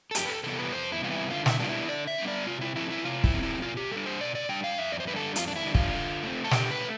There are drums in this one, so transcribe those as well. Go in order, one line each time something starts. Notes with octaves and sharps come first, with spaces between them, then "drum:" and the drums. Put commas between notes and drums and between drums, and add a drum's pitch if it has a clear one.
A4
F2 G4, drum: hi-hat
B4
A4
C3 E3 G3 B3 A4
B4
F2 C5
E4
C3 E3 G3 B3 F4
E4
D3 F4
D4, drum: snare
E4
G3 B3 D4 F4
E4
D3 D5
E5
G3 B3 D4
D5
C3 F4
E4
F3 A3 C4 E4
E4
C3 F4
E4, drum: kick
F3 A3 C4
E4
B2 F4
G4
G3 D4 A4
C5
B2 D5
D5
G3 D4 G5
F5
F2 E5
D5
C5
D3 G3 D4 B4
A4
F2 F4, drum: hi-hat
D4
E4
D3 G3 D4
F4, drum: kick
D3
A3 C4
A4
D3 G4, drum: snare
B4
A3